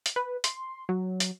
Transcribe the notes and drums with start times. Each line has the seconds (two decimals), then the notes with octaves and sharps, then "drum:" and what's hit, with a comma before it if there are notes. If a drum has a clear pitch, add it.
0.06 drum: hi-hat
0.16 B4
0.44 C6, drum: hi-hat
0.89 F#3
1.20 drum: hi-hat